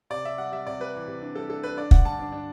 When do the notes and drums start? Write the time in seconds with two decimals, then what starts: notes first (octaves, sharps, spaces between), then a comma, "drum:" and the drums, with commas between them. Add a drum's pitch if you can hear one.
0.10 C3 D5
0.25 C3 E5
0.38 G3 F#5
0.52 G3 E5
0.67 C3 D5
0.80 G3 B4
0.95 E3
1.08 C3
1.22 D4
1.35 G3 A4
1.50 D4 A4
1.63 D4 B4
1.77 D4 D5
1.91 D3 F#5, drum: kick
2.05 G2 A5
2.19 D4
2.32 D4